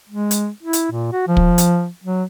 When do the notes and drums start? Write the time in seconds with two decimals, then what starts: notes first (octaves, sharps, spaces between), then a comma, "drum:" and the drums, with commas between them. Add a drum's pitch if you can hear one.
0.10 G#3
0.31 drum: hi-hat
0.63 E4
0.73 drum: hi-hat
0.91 A#2
1.12 F#4
1.28 F3
1.37 drum: kick
1.58 drum: hi-hat
2.04 F#3